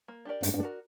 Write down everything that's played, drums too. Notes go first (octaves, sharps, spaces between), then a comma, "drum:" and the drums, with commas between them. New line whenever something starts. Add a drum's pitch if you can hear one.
A#3
D4 G4 A#4 D5
G2 A3, drum: hi-hat
G2
D4 F#4 A#4